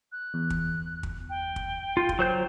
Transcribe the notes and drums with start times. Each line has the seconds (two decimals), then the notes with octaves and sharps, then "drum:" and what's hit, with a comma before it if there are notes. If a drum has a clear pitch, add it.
0.12 F#6
0.34 E2
0.50 drum: kick
1.03 drum: kick
1.30 G5
1.56 drum: kick
1.97 F4
2.09 drum: kick
2.19 F#3 C5 G6